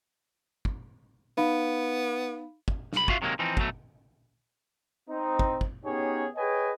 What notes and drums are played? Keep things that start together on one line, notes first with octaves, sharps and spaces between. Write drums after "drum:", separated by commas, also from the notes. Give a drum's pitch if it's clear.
drum: kick
B3 D#4 F5 B5
drum: kick
B1 B5, drum: snare
F4 F#4 E5 F5, drum: kick
C3 D#3 F#3 G#3 A#3
E3 F3 C4 D#4
B2 F#3 A3, drum: kick
C4 D#4
drum: kick
drum: kick
B3 C#4 D#4 G4 G#4 C#5
G#4 B4 C#5 D#5 G5 G#5